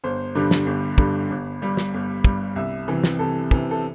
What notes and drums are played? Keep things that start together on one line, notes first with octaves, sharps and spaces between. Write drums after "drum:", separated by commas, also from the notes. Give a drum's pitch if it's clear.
G1 C5
G2 D3 G3
drum: snare
G1
G2 D3 G3, drum: kick
G1
G2 G3
drum: snare
G1
G2 G3, drum: kick
C2 E5
C3 E3
drum: snare
C2 A4
C3 E3, drum: kick
A4